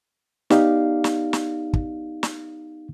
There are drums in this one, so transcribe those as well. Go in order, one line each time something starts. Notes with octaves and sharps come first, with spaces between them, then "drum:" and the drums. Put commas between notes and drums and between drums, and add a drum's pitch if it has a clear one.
B3 D#4 G4 D5 F5, drum: snare
drum: snare
drum: snare
drum: kick
drum: snare